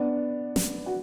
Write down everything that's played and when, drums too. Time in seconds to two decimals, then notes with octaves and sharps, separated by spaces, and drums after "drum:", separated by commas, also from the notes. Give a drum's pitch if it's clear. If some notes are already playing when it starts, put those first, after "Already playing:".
Already playing: B3 D4
0.56 drum: snare
0.86 F#4